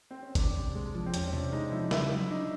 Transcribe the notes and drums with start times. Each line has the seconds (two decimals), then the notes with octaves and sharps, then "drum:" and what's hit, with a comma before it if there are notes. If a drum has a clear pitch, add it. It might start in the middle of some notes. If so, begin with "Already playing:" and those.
0.11 C4
0.23 C#4
0.35 E2 D4, drum: kick, hi-hat
0.56 C3
0.75 G#3
0.95 F3
1.06 C4
1.14 E2 C#4, drum: hi-hat
1.28 C#4
1.33 C3 D4
1.52 G#3 D#4
1.72 F3 E4
1.91 C#3 E4, drum: snare
2.10 F#3
2.30 D4 D#4